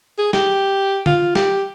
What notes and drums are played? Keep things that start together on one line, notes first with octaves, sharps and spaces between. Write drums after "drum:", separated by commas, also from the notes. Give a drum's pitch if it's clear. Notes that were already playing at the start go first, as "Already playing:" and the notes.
G#4
G4, drum: snare
F4, drum: tom
G4, drum: snare